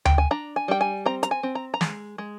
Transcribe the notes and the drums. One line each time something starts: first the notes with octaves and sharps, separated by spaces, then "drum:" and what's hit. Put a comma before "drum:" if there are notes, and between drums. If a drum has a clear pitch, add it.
G5, drum: tom D2
G#5
D4 A#5
G#5
G3 G5
G#5
C4 A#5
A#5, drum: hi-hat
G#5
C4
A#5
A#5
G#3, drum: snare
G#3